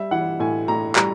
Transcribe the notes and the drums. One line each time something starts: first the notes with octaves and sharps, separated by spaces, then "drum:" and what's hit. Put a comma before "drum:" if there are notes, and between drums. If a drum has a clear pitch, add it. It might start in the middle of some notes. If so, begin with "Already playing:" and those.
Already playing: G3 E5
E3 F#5
A2 G#5
A2 A#5
G3 A#5, drum: clap